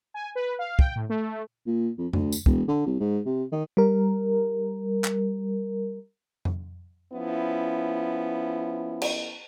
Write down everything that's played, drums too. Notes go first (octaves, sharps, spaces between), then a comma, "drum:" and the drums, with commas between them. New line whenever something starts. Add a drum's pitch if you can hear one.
G#5
B4
F5
G5, drum: kick
A2
A3
A#2
F2
D2, drum: tom F2
drum: tambourine
E1, drum: kick
D3
C2
G#2
C3
D#3
G3 A#4
drum: clap
drum: tom F2
F3 B3 C#4 E4
drum: cymbal